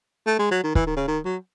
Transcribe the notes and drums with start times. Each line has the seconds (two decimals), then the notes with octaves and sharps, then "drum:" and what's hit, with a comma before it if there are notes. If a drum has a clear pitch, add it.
0.27 A3
0.39 G#3
0.51 F#3
0.64 D#3
0.75 E3, drum: kick
0.87 D#3
0.97 C#3
1.08 D#3
1.25 F#3